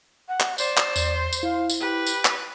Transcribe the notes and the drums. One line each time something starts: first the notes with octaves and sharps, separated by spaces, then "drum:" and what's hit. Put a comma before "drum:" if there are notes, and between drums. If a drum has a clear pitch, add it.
F#5
drum: clap
C5 D5, drum: tambourine
drum: clap
E2, drum: tambourine
drum: tambourine
E4 F5
drum: tambourine
G4 B4
drum: tambourine
drum: clap